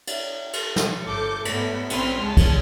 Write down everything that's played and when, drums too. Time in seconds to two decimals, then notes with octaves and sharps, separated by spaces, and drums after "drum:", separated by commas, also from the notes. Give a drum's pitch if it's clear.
0.07 drum: cymbal
0.53 drum: cymbal
0.76 drum: snare
1.05 G1 A4 D6 G6 C#7
1.45 G#2 A3 B3, drum: cymbal
1.90 A#1 C4 C#4 B5 C6 F6, drum: cymbal
2.20 C#2 G#3 A5
2.37 drum: kick, cymbal